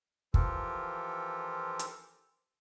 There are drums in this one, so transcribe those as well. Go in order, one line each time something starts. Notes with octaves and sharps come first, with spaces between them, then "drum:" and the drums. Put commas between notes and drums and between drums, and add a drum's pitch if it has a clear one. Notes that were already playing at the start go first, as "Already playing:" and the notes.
E3 F3 F4 G4 A4 A#4, drum: kick
drum: hi-hat